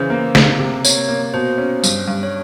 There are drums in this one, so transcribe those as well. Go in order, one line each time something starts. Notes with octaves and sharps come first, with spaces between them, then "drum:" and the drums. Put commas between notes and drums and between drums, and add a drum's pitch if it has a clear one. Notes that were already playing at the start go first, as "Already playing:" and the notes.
Already playing: C#3 E3 C5
A#3
C3, drum: snare
C3
A#3 C#5, drum: tambourine
A#3
B2 C5
C#4
G2, drum: tambourine
G2
C#5